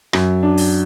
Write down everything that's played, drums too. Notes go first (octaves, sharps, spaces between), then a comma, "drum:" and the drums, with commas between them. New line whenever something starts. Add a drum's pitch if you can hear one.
F#2, drum: rim click
D4
drum: open hi-hat